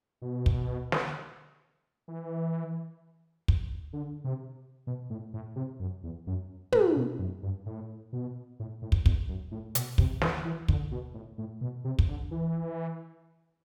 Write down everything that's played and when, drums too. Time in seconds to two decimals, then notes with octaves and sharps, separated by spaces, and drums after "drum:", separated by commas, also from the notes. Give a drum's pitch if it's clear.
0.22 B2
0.46 drum: kick
0.92 drum: snare
2.08 E3
3.48 drum: kick
3.93 D3
4.24 C3
4.87 B2
5.10 A2
5.33 A2
5.56 C3
5.80 F#2
6.04 E2
6.27 F#2
6.72 A2, drum: tom
6.96 B2
7.19 F#2
7.43 G2
7.66 A2
8.13 B2
8.60 A2
8.82 A2
8.92 drum: kick
9.06 E2, drum: kick
9.29 F#2
9.51 A2
9.75 B2, drum: hi-hat
9.98 C3, drum: kick
10.21 E3, drum: snare
10.45 E3
10.68 D3, drum: kick
10.92 B2
11.14 A2
11.38 A2
11.61 B2
11.84 C3
11.99 drum: kick
12.08 D3
12.31 E3